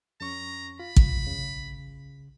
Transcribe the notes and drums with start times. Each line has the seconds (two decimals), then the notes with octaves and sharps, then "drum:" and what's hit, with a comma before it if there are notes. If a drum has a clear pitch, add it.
0.21 F2 C#4 A#5 C#6
0.79 F4 B5
0.96 drum: kick
1.27 C#3